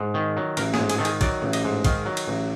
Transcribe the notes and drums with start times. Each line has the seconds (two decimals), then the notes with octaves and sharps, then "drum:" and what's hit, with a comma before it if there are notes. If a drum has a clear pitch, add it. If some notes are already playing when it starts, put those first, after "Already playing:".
Already playing: G#2
0.14 D#3
0.37 F#3
0.57 A1 A#4, drum: cymbal
0.74 G#4, drum: snare
0.79 G#2
0.89 G#4, drum: cymbal
0.98 D#3 A4
1.05 G#4, drum: cymbal
1.21 F#3 D5, drum: kick, cymbal
1.42 A1
1.53 D#5, drum: cymbal
1.64 G#2
1.85 D#3 F5, drum: kick, cymbal
2.06 F#3
2.17 drum: cymbal
2.28 A1